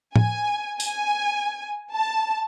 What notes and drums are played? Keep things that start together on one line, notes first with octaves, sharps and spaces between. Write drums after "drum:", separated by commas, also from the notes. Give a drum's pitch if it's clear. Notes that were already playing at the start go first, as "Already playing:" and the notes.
G#5, drum: tom A2
G#5, drum: tambourine
A5